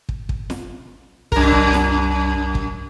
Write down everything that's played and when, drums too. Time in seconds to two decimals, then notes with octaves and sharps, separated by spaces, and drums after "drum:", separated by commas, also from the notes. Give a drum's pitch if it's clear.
0.09 drum: kick
0.29 drum: kick
0.50 drum: snare
1.32 C2 F#2 A#4, drum: kick
1.52 drum: kick
1.73 drum: snare
2.55 drum: kick